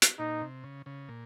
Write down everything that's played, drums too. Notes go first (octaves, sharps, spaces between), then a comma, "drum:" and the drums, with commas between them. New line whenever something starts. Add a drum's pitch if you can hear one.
drum: hi-hat
A#2 D#4
C3
C#3
C#3
A#2